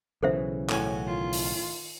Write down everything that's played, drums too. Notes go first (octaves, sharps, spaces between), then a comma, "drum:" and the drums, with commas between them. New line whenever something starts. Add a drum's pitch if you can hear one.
B1 C#3 E3 A4 C5 E5
A2 C#4 F#4 G#5, drum: clap
D#3 F4
drum: open hi-hat